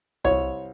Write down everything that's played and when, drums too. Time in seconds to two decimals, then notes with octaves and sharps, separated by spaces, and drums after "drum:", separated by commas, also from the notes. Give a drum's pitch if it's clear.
0.24 C2 C#5, drum: tom C2